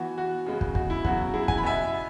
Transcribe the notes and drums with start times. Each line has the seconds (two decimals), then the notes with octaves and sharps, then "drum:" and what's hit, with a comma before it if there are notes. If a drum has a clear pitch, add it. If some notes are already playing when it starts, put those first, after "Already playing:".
Already playing: E3 B3 F#4
0.18 F#4
0.46 C#3 G#3 B3
0.61 drum: kick
0.75 F#4, drum: kick
0.90 E4
1.05 C#3 F#3 B3 F#4, drum: kick
1.33 E4 G#4
1.48 G#5, drum: kick
1.58 B5
1.63 B2 B3 E5 G#5